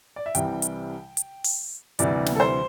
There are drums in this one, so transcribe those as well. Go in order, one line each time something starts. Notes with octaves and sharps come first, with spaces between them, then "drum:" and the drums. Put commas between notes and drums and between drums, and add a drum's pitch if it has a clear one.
D5
E5
C2 C3 E3 G3 G5, drum: hi-hat
drum: hi-hat
drum: hi-hat
drum: open hi-hat
D2 C3 E3 G3 D5, drum: hi-hat
drum: snare
A4
C5